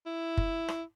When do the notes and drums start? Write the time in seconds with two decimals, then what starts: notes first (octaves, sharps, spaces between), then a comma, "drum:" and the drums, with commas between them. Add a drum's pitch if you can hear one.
0.06 E4
0.37 drum: kick
0.68 drum: rim click